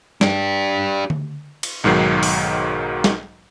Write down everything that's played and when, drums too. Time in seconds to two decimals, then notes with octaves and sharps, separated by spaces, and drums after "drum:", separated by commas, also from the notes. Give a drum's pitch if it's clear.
0.21 D4 G4, drum: snare
1.10 drum: tom D3
1.63 drum: cymbal
1.84 B1 G#2 D#3 F#3 C7
2.23 drum: open hi-hat
3.04 drum: snare